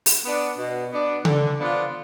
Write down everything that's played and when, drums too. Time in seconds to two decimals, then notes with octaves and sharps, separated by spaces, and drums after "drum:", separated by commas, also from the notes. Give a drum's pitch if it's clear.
0.06 drum: open hi-hat
0.25 B3 D4
0.58 B2
0.91 B3 D4
1.25 D3, drum: tom C#3
1.58 F3 B3 D4 F4